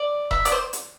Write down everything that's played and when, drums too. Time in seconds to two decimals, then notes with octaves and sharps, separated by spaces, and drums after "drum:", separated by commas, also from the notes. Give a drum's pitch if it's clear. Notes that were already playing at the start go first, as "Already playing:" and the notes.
Already playing: D5
0.31 E5, drum: kick E1
0.45 D5, drum: hi-hat
0.52 C5
0.73 drum: hi-hat